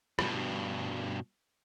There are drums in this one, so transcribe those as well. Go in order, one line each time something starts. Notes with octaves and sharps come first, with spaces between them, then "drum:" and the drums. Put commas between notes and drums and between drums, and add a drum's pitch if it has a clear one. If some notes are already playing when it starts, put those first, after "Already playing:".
G2 B2, drum: rim click